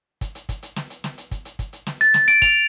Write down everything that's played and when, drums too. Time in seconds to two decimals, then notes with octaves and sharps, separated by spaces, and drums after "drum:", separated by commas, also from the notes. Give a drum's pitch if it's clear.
0.21 drum: kick, hi-hat
0.35 drum: hi-hat
0.49 drum: kick, hi-hat
0.63 drum: hi-hat
0.76 drum: snare
0.90 drum: hi-hat
1.04 drum: snare
1.18 drum: hi-hat
1.31 drum: kick, hi-hat
1.45 drum: hi-hat
1.59 drum: kick, hi-hat
1.73 drum: hi-hat
1.87 drum: snare
2.01 A6, drum: hi-hat
2.14 drum: snare
2.28 D7, drum: hi-hat
2.42 F7, drum: kick, hi-hat